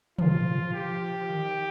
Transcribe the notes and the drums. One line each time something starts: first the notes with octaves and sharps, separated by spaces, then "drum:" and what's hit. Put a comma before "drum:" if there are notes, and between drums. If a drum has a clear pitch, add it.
F3 F4, drum: tom
G4
F3
D#3